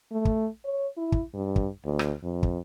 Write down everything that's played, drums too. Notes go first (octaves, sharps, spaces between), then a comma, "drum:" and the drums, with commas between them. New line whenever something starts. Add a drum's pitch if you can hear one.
A3
drum: kick
C#5
E4
drum: kick
G2
drum: kick
D2
drum: rim click
F2
drum: kick